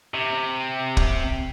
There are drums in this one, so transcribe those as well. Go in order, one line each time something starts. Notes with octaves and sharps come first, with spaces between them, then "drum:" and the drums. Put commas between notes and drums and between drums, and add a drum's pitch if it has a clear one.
C3
drum: kick